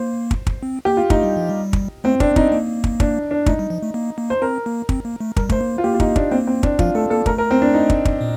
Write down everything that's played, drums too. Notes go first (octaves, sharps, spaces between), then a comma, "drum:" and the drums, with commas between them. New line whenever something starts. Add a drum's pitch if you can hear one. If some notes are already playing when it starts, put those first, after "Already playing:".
Already playing: A#3 C5
drum: kick
drum: kick
C4
A#3 G4
F4
A3 D#4, drum: kick
G3
F3
G3
drum: kick
A3 C4
C4 D4, drum: kick
C4 D#4, drum: kick
A#3
drum: kick
D4, drum: kick
D4
A3 D#4, drum: kick
G3
F3
A3
A#3
A#3
C5
C4 A#4
A#3
C4, drum: kick
A#3
A3
G3 A#4, drum: kick
A3 C5, drum: kick
A#3
F4
A#3 G4
F4
D#4, drum: kick
D4, drum: kick
A#3 C4
C4
D4, drum: kick
F3 F4, drum: kick
A3 A4
A#3 A4
A3 A#4, drum: kick
A#4
C4
D4
D#4
drum: kick
drum: kick
A#2